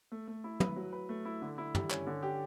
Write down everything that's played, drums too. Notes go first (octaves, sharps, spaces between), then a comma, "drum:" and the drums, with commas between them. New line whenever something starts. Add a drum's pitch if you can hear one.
A3
A3
E4
B4, drum: tom
F#3
B4
A3
E4
D3
E4
G3, drum: tom
C#4, drum: clap
D3
G4